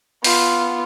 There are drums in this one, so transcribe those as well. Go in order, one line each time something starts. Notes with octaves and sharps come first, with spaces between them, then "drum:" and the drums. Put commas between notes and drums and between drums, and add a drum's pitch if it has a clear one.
B3 F4, drum: open hi-hat